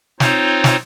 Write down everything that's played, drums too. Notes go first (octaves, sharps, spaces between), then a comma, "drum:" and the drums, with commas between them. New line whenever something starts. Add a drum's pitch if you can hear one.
C4 D#4 F4 C5 C#5, drum: snare
drum: snare